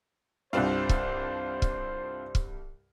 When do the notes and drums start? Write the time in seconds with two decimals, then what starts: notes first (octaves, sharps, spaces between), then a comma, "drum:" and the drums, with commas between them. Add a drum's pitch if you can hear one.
0.53 C2 G2 C4 D4 F4 C5
0.89 drum: kick
1.62 drum: kick
2.35 drum: kick